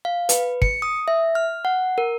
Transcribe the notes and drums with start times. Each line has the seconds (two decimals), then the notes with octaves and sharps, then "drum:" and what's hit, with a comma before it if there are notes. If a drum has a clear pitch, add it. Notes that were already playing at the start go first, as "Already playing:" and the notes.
0.05 F5
0.29 B4, drum: hi-hat
0.62 C#7, drum: kick
0.82 D#6
1.08 E5
1.35 F6
1.65 F#5
1.98 A#4